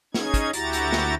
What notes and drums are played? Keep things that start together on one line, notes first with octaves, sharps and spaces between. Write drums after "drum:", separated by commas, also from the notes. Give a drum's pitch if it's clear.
C#4 D#4 G#4 G#6, drum: snare
drum: kick, hi-hat
D2 E4 F#4 G4 A#5 A6, drum: hi-hat
drum: hi-hat
drum: snare